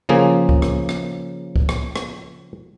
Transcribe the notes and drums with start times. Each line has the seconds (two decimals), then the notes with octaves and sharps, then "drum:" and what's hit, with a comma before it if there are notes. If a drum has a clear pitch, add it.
0.09 C#3 F3 A#3 G#4
0.49 drum: kick C#2
0.62 drum: rim click
0.89 drum: rim click
1.56 drum: kick C#2
1.69 drum: rim click
1.96 drum: rim click